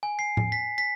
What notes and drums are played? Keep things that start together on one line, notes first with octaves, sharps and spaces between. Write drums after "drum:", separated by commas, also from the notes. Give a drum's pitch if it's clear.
G#5
C7
drum: tom A2
B6
B6